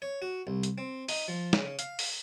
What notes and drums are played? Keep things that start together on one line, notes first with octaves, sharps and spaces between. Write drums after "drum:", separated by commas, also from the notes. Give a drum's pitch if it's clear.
C#5
F#4
C2
drum: hi-hat
C4
D#4, drum: open hi-hat
F3
C#3, drum: snare
F5, drum: hi-hat
drum: open hi-hat